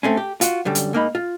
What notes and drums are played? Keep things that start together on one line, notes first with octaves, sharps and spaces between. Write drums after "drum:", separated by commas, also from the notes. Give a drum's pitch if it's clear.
A3 C4 C#4
G4
F4 F#4, drum: hi-hat
F#2 D3 G3
drum: hi-hat
G#2 A#3 D#4 B5
F4